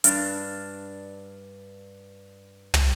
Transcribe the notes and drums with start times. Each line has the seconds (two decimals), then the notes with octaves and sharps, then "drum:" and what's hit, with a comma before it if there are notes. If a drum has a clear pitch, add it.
0.04 G2 D4, drum: hi-hat
2.74 drum: tom